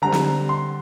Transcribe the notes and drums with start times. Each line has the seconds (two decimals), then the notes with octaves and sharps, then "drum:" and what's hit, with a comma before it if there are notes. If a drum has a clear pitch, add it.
0.02 D3 G3 C4 A#5
0.12 drum: snare
0.49 C6